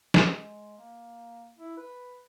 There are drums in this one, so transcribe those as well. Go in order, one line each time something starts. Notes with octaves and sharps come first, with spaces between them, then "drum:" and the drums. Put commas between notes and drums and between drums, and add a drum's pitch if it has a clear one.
G#3, drum: snare
A#3
E4
B4